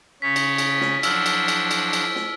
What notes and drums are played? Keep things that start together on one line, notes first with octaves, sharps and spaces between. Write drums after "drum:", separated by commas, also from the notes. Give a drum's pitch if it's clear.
C#3 C#4 B6
drum: cymbal
drum: cymbal
drum: snare
F3 F#3 D4 E6 F6, drum: cymbal
drum: cymbal
drum: cymbal
drum: cymbal
drum: cymbal
drum: snare